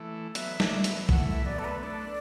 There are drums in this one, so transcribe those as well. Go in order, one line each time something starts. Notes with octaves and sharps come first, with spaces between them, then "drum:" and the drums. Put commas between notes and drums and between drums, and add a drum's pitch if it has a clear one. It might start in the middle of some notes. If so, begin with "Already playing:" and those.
Already playing: E3 A3
F#3 B3 E5, drum: hi-hat
A3 D4, drum: snare
F#3 B3, drum: hi-hat
F#3
E3 A3 F#5, drum: kick A#1
E5
F#3 B3 D5
F#3 A4
A3 B4
B3
A3 D4 D5